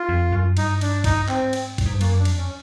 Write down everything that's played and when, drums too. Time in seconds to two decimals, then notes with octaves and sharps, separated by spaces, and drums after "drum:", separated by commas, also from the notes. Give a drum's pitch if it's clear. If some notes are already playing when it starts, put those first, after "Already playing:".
Already playing: F4
0.09 F2
0.32 F#2
0.57 G2 D#4, drum: cymbal
0.81 D4, drum: cymbal
1.04 D#4, drum: kick A#1, cymbal
1.28 G#2 C4, drum: clap
1.53 drum: cymbal
1.78 A2, drum: kick A#1, cymbal
1.86 G#2
1.93 G2
2.01 F#2 A#3, drum: cymbal
2.19 D4
2.25 F2, drum: cymbal
2.38 C#4